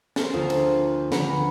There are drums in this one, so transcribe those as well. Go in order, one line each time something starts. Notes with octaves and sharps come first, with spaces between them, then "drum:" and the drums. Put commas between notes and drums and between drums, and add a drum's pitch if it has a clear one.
A4 A#4 C5, drum: snare
D2 F3 A#4 D#6
drum: cymbal
C4
D2 D3 F3 B4 F#5 A#5, drum: snare